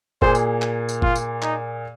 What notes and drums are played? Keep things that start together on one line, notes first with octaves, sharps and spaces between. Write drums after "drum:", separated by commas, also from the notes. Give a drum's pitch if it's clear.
A#2 A#3 G#4 C5, drum: kick G1
drum: tambourine
drum: clap
drum: tambourine
F4, drum: kick G1
drum: tambourine
D#4, drum: clap